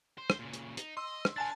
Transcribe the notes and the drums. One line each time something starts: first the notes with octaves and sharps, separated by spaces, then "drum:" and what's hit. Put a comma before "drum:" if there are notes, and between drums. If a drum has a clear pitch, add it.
C5
drum: rim click
A#2 C#3
drum: hi-hat
D#4, drum: hi-hat
D#5 C6 E6
drum: rim click
D4 A#4 G#5 A5 A6